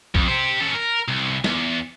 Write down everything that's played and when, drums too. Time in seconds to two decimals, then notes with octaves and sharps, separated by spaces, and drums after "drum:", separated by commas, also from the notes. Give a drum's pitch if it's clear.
0.15 F2, drum: kick
0.28 G4 C5
0.60 C#4 A4
0.74 A#4
1.08 C2
1.44 E2, drum: snare